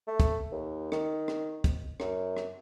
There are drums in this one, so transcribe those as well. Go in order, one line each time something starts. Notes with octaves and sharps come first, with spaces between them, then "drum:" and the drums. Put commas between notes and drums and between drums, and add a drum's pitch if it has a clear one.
A3
drum: kick, hi-hat
D#2
D#3, drum: rim click
drum: rim click
drum: kick, hi-hat
F#2, drum: rim click
drum: rim click